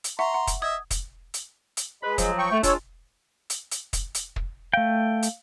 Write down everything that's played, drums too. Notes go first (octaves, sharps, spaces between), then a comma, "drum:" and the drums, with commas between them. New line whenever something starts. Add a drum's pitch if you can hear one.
drum: hi-hat
E5 F#5 A#5 C6 C#6
F#5
drum: kick, hi-hat
D#5 E5 D#6 G#6
drum: kick, hi-hat
drum: hi-hat
drum: hi-hat
G#3 B4 B5
F3 F#3, drum: kick, hi-hat
G5 C#6
A3
G#3 D4 F4 C#5 E6, drum: kick, hi-hat
drum: hi-hat
drum: hi-hat
drum: kick, hi-hat
drum: hi-hat
drum: kick
A3 F5 G5
drum: hi-hat